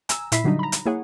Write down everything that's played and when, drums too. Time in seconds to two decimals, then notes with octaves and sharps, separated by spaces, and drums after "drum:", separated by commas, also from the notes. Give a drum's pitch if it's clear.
0.09 G#5 A#5 E6, drum: hi-hat
0.32 A#2 E4 E5 B5 B6 C7, drum: hi-hat
0.44 D3 F#3 G3 D4 D#4
0.59 A#5 B5
0.72 drum: hi-hat
0.86 A#3 E4 G#4 C#5 F#5